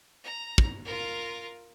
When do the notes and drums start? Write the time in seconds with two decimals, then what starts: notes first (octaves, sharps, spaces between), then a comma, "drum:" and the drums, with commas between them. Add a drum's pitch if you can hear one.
0.24 A#5
0.58 drum: kick
0.85 F4 A#4